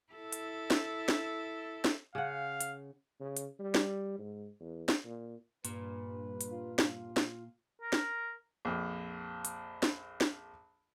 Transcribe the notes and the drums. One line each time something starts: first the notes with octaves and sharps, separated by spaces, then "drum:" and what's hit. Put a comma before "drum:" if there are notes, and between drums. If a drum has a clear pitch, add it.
E4 A4
drum: hi-hat
drum: snare
drum: snare
drum: snare
C#3 F5 F#5
drum: hi-hat
C#3
drum: hi-hat
G3
drum: snare
G#2
E2
drum: snare
A#2
G2 A#2 B4, drum: hi-hat
drum: hi-hat
F4
drum: snare
drum: snare
A#4
drum: snare
A#1 F2
drum: hi-hat
drum: snare
drum: snare